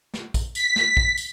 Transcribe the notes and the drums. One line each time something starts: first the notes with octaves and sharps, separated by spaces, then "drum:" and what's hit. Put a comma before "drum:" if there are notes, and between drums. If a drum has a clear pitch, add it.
drum: snare
drum: kick A#1, tambourine
B6, drum: tambourine
drum: snare
drum: kick A#1
drum: tambourine